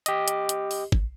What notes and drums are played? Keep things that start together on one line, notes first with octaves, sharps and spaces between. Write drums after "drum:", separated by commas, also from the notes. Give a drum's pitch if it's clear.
G4 D#5, drum: hi-hat
drum: hi-hat
drum: hi-hat
drum: open hi-hat
drum: kick